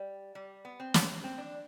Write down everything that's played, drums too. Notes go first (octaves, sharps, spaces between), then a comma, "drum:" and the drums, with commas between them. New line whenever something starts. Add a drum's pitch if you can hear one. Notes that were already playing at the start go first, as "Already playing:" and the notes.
Already playing: G3
G3
B3
C4
drum: snare
C4
D4